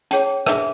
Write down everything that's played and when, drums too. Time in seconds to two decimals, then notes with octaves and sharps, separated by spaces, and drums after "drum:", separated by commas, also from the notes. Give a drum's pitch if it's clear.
0.11 C#4 G#4 C#5 A5, drum: hi-hat
0.46 D4 G#4 B4 E5, drum: rim click